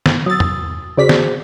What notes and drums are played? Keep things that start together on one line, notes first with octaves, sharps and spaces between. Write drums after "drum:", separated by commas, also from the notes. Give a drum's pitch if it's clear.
G1, drum: snare
F#3 D#6 E6 A6
drum: tom
C#3 F#4 G#4 C5 D5 B6
drum: snare